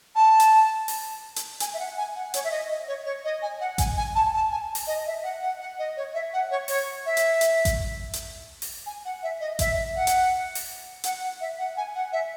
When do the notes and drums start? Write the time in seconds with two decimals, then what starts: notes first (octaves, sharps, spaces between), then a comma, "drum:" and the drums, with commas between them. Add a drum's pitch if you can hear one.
0.15 A5
0.40 drum: hi-hat
0.88 drum: open hi-hat
1.36 drum: hi-hat
1.60 G#5, drum: hi-hat
1.73 E5
1.78 F#5
1.97 G#5
2.15 F#5
2.34 C#5, drum: hi-hat
2.44 E5
2.51 D#5
2.70 D#5
2.87 C#5
3.05 C#5
3.24 D#5
3.42 G#5
3.60 F#5
3.78 G#5, drum: kick A1, hi-hat
3.97 G#5
4.15 A5
4.33 A5
4.50 G#5
4.75 drum: open hi-hat
4.87 D#5
5.06 E5
5.23 F#5
5.42 F#5
5.59 F#5
5.78 D#5
5.96 C#5
6.14 E5
6.32 F#5
6.50 C#5
6.68 C#5, drum: open hi-hat
7.05 E5
7.17 drum: hi-hat
7.41 drum: hi-hat
7.65 drum: kick A1, hi-hat
8.13 drum: hi-hat
8.62 drum: open hi-hat
8.86 G#5
9.04 F#5
9.22 E5
9.40 D#5
9.59 E5, drum: kick A1, hi-hat
9.95 F#5
10.07 drum: hi-hat
10.55 drum: open hi-hat
11.04 F#5, drum: hi-hat
11.22 F#5
11.40 E5
11.57 F#5
11.77 G#5
11.94 F#5
12.12 E5